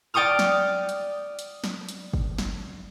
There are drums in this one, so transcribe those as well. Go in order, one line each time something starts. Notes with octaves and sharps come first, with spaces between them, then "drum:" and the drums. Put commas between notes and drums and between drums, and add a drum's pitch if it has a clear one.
D5 G5 C#6 D#6 F6
drum: snare
drum: hi-hat
drum: hi-hat
drum: snare
drum: hi-hat
drum: kick
drum: snare